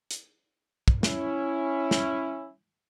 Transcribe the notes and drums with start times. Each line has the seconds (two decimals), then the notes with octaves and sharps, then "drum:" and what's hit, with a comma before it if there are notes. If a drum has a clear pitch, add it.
0.11 drum: hi-hat
0.88 drum: kick
1.03 C#4 E4, drum: snare
1.91 drum: snare